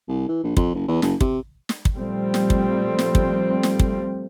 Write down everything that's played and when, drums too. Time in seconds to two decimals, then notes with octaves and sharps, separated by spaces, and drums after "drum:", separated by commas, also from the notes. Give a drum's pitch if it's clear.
0.08 C2
0.29 E3
0.44 A#1
0.57 F2, drum: kick
0.75 F#1
0.88 E2
1.02 F#1, drum: snare
1.21 C3, drum: kick
1.69 drum: snare
1.85 drum: kick
1.98 A#2 F3 G3 A3 C4
2.34 drum: snare
2.50 drum: kick
2.99 drum: snare
3.15 drum: kick
3.63 drum: snare
3.79 drum: kick